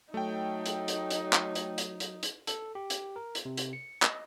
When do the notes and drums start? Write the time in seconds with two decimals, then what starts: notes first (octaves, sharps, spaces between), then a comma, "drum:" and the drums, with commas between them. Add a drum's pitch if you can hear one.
0.14 F#3 A3 D#4 G5
0.66 drum: hi-hat
0.88 drum: hi-hat
1.10 drum: hi-hat
1.33 drum: clap
1.55 drum: hi-hat
1.78 drum: hi-hat
2.00 drum: hi-hat
2.23 drum: hi-hat
2.47 A4, drum: hi-hat
2.75 G4
2.90 drum: hi-hat
3.16 A#4
3.35 drum: hi-hat
3.45 C3
3.58 drum: hi-hat
3.73 C#7
4.02 D#5, drum: clap